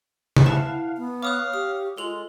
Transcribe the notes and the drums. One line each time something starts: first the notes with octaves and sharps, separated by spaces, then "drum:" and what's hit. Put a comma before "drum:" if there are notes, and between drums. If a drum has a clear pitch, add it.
drum: tom C3
E4 B4 F5 F#5 A5 E7
B3
C#5 F5 D6 D#6 F#6
G4 D#6
G#3 F4 A4 F7 F#7